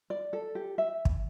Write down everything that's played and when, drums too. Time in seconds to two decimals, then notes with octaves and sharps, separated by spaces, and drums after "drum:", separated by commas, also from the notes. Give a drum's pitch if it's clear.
0.10 D5
0.33 A4
0.55 G4
0.78 E5
1.05 drum: kick